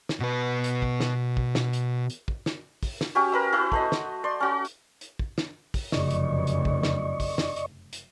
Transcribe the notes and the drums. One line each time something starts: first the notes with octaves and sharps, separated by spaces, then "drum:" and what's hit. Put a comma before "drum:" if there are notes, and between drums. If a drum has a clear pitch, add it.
drum: snare
B2 B4
drum: hi-hat
drum: kick
drum: snare
drum: kick
drum: snare
drum: hi-hat
drum: hi-hat
drum: kick
drum: snare
drum: kick, open hi-hat
drum: snare
C#4 F#4 G4 C#5
A#4 B4 E5
E4 F#4 B4
A3 C5 D#5, drum: kick
drum: snare
D5 C6
C#4 F#4
drum: hi-hat
drum: hi-hat
drum: kick
drum: snare
drum: kick, open hi-hat
F1 F#2 C#3 D5 D#5 C#6, drum: snare
drum: hi-hat
drum: hi-hat
drum: kick
drum: snare
drum: kick, open hi-hat
drum: snare
drum: hi-hat
drum: hi-hat